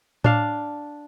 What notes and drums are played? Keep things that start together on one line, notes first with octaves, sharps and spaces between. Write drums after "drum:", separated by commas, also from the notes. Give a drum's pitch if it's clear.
D4 F5, drum: tom A2